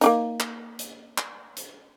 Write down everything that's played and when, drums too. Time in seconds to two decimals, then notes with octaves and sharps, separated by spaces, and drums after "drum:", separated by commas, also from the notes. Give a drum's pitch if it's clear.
0.01 A#3 D4 D#4, drum: hi-hat
0.40 drum: clap
0.79 drum: hi-hat
1.18 drum: clap
1.57 drum: hi-hat